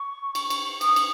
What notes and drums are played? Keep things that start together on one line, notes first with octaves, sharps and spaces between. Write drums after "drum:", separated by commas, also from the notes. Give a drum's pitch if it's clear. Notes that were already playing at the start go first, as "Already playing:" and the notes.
Already playing: C#6
drum: cymbal
drum: cymbal
D#6, drum: cymbal
drum: cymbal